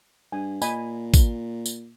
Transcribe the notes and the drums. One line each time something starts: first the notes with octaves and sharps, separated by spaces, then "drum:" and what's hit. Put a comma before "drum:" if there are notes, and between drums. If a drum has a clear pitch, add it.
G2 G#5
A#2 D#5 G#5 B5, drum: tambourine
drum: kick, tambourine
drum: tambourine